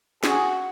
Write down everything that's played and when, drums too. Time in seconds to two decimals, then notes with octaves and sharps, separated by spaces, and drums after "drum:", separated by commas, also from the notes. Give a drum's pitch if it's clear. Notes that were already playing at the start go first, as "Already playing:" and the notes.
0.24 F#4 G#4, drum: snare